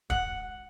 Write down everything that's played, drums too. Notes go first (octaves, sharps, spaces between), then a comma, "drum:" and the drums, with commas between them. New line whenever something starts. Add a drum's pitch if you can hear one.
F#5, drum: kick D1